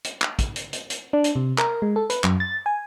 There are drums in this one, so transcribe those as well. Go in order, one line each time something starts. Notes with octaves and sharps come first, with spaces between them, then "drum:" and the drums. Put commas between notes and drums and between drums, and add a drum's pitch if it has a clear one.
drum: hi-hat
drum: clap
drum: kick, hi-hat
drum: hi-hat
drum: hi-hat
drum: hi-hat
D4
drum: hi-hat
C3
A#4, drum: clap
G#3
A4
B4, drum: hi-hat
F#2, drum: clap
A6
G#5